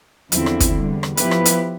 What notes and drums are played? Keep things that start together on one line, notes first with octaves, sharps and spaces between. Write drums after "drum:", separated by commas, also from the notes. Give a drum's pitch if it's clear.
E2 D3 F3 C4 E4, drum: hi-hat
drum: rim click
drum: kick, hi-hat
E2 D3 G3
drum: rim click
F3 B3 E4 G4 B4, drum: hi-hat
drum: rim click
drum: hi-hat